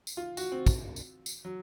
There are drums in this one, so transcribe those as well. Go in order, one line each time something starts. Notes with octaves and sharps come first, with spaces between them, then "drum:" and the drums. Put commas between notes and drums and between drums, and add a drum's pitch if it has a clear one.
drum: tambourine
F4
F#4, drum: tambourine
C4
drum: kick, tambourine
drum: tambourine
drum: tambourine
F#3